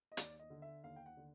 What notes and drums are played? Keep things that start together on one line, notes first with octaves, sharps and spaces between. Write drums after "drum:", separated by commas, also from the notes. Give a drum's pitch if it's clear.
D#5
D#2 D5, drum: hi-hat
D#5
D3
E5
D#2 F5
G5
F#5
D3